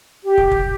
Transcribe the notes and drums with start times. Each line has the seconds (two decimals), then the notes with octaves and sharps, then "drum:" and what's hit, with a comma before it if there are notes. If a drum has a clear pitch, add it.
0.24 G4
0.38 drum: kick
0.51 drum: kick